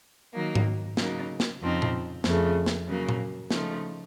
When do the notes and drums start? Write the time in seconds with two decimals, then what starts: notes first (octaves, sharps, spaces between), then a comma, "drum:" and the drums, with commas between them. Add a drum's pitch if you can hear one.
0.34 D#3 F#3 A#3 D#4
0.55 drum: tom G#2
0.97 C#3 F#3 A#3 D#4, drum: snare
1.40 drum: snare
1.61 F2 C#3 F3 C4 D#4
1.82 drum: tom A#2
2.24 F2 C#3 A3, drum: snare
2.66 drum: snare
2.87 C#3 F#3 A#3
3.09 drum: tom A#2
3.51 C#3 F3 A3 D#4, drum: snare